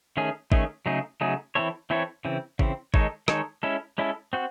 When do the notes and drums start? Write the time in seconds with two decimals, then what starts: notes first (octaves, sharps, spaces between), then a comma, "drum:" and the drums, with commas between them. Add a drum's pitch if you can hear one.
0.17 D#3 A3 C#4 G#4
0.52 D#3 A3 C#4 G#4, drum: kick G#1
0.86 C#3 F#3 A3 D#4 G#4
1.21 C#3 F#3 A3 D#4 G#4
1.55 E3 C4 E4 A4 C#5
1.90 E3 C4 E4 A4 C#5
2.25 C#3 E3 C4
2.59 C#3 E3 C4, drum: kick G#1
2.94 D#3 G#3 D#4 A4 C#5, drum: kick G#1
3.28 D#3 G#3 D#4 A4 C#5, drum: rim click
3.63 G#3 C#4 E4 A4
3.98 G#3 C#4 E4 A4
4.33 C4 F#4